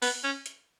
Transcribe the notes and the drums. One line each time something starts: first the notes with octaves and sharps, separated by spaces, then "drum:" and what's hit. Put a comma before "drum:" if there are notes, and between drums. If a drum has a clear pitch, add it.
B3, drum: open hi-hat
C#4
drum: hi-hat